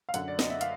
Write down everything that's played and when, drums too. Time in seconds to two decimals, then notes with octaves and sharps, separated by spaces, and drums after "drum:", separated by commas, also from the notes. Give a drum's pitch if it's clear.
0.09 F5
0.14 F#2 D3 F#5, drum: hi-hat
0.28 D5
0.39 D#5, drum: snare
0.50 E5
0.61 F5, drum: hi-hat